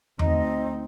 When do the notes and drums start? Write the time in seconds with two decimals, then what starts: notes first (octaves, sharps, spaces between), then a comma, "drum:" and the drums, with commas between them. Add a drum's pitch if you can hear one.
0.19 D2 C4 D#4 D#5, drum: tom E2